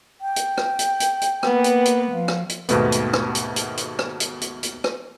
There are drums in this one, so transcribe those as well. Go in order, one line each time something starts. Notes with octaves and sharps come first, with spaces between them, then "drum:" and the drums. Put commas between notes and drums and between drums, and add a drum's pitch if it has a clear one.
G5
drum: hi-hat
drum: rim click
drum: hi-hat
drum: hi-hat
drum: hi-hat
A#3 B3 B4, drum: rim click
drum: hi-hat
drum: hi-hat
F3 F5
drum: rim click
drum: hi-hat
D#2 G#2 B2 A3 B3, drum: hi-hat
drum: hi-hat
drum: rim click
drum: hi-hat
drum: hi-hat
drum: hi-hat
drum: rim click
drum: hi-hat
drum: hi-hat
drum: hi-hat
drum: rim click